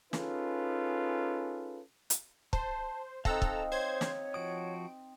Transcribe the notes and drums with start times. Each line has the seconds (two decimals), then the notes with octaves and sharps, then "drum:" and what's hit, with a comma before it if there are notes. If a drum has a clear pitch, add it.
0.13 C#4 D#4 F4 G#4 A4 B4, drum: snare
2.10 drum: hi-hat
2.53 C5 A5, drum: kick
3.25 C4 D#4 A4 F5 A#5 E6 F#6, drum: kick
3.42 drum: kick
3.72 C5 C#5 G#6
4.01 drum: snare
4.34 F3 F#4 D#6 D7